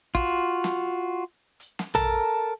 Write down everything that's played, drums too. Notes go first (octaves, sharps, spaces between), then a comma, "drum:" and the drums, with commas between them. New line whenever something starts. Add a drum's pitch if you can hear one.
F4 F#4, drum: kick
drum: snare
drum: hi-hat
drum: snare
A4 A#4 A5, drum: tom A#1